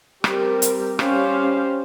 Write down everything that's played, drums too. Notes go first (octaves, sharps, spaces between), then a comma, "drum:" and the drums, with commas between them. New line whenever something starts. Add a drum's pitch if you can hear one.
G3 C4 G4 A#4, drum: rim click
drum: hi-hat
G3 C#4 G4 C5 F5, drum: rim click